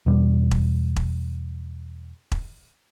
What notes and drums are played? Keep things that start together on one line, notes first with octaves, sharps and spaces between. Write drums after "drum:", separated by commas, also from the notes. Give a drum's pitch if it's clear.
E2 B2 G3
drum: kick E1
drum: kick E1
drum: kick E1